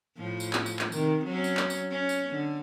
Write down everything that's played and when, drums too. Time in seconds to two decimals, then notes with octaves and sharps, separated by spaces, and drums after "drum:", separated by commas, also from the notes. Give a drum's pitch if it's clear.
0.17 A2 F3
0.40 drum: tambourine
0.53 drum: clap
0.66 drum: tambourine
0.79 drum: clap
0.92 C3 D#3, drum: tambourine
1.25 F#3 C#4
1.44 drum: tambourine
1.57 drum: clap
1.70 drum: tambourine
1.91 C#4
2.09 drum: tambourine
2.30 D3